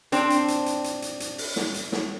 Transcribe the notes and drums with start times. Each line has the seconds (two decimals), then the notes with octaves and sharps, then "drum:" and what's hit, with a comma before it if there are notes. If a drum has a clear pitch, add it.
0.12 C4 D4, drum: hi-hat
0.30 drum: hi-hat
0.48 drum: hi-hat
0.66 drum: hi-hat
0.84 drum: hi-hat
1.02 drum: hi-hat
1.20 drum: hi-hat
1.38 drum: open hi-hat
1.56 drum: snare
1.74 drum: hi-hat
1.92 drum: snare